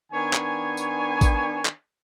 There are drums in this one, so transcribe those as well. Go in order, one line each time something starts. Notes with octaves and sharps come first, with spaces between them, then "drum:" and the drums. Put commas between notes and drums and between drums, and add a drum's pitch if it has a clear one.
D#3 B3 D4 C#5 G#5
drum: clap
drum: tambourine
drum: kick, tambourine
drum: clap